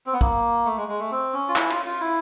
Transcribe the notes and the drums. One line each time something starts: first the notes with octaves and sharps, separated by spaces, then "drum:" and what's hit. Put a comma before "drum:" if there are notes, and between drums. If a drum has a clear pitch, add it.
C4
B3
A#3, drum: kick B1
A3
G#3
G#3
A3
C4
C#4
F4
E4, drum: clap
F4, drum: cymbal
F4
E4